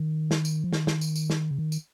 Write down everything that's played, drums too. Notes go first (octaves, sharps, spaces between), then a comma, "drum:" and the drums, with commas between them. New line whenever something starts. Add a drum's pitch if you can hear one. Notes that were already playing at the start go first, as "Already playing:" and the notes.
Already playing: D#3
drum: snare
drum: tambourine
F3
D#3, drum: snare
drum: snare
drum: tambourine
drum: tambourine
drum: snare
C#3
D#3
drum: tambourine